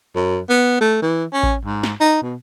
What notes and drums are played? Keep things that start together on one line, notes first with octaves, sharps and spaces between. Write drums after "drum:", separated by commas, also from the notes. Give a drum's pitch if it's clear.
F#2
B3
A3
E3
C#4
drum: kick A1
G#2
drum: snare
D#4
B2